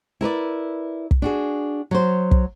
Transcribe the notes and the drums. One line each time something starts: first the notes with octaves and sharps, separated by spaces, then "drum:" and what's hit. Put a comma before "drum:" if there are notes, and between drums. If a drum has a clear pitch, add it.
E4 A#4 B4 D5
drum: kick
D4 F#4 G#4
F#3 C5
drum: kick